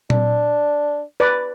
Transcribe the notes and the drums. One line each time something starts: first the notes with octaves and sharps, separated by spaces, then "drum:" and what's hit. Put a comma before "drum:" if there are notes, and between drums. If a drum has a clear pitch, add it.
D4, drum: tom A#2
B4 D5